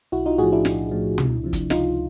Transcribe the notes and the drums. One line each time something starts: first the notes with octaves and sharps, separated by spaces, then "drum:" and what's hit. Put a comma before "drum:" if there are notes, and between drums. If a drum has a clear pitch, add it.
B1 E4 F#4
D#4 F4
A2 F3 F#4 G#4
D4 E4
B1, drum: snare
A2 F3
C#2, drum: tom
C3 F3
drum: kick, hi-hat
C#2 D#4 F4, drum: snare